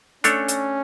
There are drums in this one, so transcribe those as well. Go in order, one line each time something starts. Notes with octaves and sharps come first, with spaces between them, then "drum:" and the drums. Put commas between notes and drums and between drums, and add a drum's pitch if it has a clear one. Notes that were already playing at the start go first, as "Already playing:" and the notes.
A3 C#4 D4 A4 C#5, drum: hi-hat
drum: hi-hat